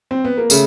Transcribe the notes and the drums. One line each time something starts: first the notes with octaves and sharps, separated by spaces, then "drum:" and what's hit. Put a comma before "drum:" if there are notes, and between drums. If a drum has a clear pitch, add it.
C4
B3
A#3
C#3 A3, drum: tambourine